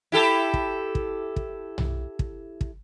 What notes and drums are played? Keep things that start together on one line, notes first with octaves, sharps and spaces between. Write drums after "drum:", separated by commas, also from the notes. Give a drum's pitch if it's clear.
E4 G4 A4
drum: kick
drum: kick
drum: kick
drum: tom B1
drum: kick
drum: kick